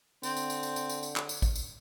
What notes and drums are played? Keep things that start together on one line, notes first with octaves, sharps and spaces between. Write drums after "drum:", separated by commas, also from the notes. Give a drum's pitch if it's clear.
D3 C4, drum: tambourine
drum: tambourine
drum: tambourine
drum: tambourine
drum: tambourine
drum: tambourine
drum: tambourine
drum: clap
drum: tambourine
drum: kick A1, tambourine
drum: tambourine